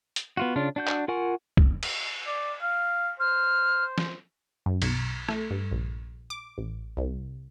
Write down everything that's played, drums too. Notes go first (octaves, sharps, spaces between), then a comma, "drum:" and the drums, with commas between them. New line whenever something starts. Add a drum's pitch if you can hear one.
drum: hi-hat
B3 F4 F#4
C#3 D4 F4
D4 F#4 G6
drum: clap
F4 A#4 F#5 G#5 C#6
drum: kick
drum: cymbal
D5
F5
C5 F6
drum: snare
F#2
B1, drum: cymbal
A3, drum: rim click
G2
A#1
D6
A1
C2